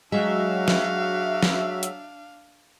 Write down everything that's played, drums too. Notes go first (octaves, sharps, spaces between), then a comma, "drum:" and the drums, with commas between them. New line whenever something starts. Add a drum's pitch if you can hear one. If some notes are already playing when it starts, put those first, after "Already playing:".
F#3 G#3 D4 F#4 E5 F5
drum: snare
drum: snare
drum: hi-hat